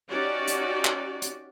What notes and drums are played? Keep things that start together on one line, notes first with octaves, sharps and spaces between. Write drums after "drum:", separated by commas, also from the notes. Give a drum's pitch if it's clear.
C#4 D#4 F#4 G4 D5
drum: hi-hat
drum: clap
drum: hi-hat